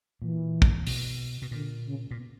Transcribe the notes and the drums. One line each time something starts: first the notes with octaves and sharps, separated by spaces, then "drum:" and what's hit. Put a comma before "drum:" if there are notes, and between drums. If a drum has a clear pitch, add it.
A#2 E3
drum: kick
B2, drum: open hi-hat
B2
A#2 D3
C#3
A#2
B2